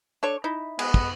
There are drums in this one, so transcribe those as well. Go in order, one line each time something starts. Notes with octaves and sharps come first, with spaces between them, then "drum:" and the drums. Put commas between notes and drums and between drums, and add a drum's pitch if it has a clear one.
D4 A4 C#5
D#4 E4
G#3 B3, drum: cymbal
drum: kick